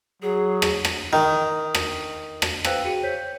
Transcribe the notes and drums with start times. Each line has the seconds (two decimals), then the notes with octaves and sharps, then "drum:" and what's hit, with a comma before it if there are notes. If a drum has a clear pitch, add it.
0.22 F#3 G#4
0.62 drum: rim click
0.85 drum: rim click
1.13 D#3
1.75 drum: rim click
2.42 drum: rim click
2.64 B4 C5 F5 G5 E6 F#6, drum: rim click
2.85 F#4 G#4 G5 C#7 D#7
3.02 C5 C#5 G6 B6